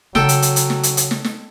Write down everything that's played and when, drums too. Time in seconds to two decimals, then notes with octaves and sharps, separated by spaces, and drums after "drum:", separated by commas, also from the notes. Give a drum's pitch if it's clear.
0.15 C#3 F#3 A4 G5, drum: snare
0.29 drum: hi-hat
0.42 drum: hi-hat
0.56 drum: hi-hat
0.70 drum: snare
0.83 drum: hi-hat
0.97 drum: hi-hat
1.11 drum: snare
1.24 drum: snare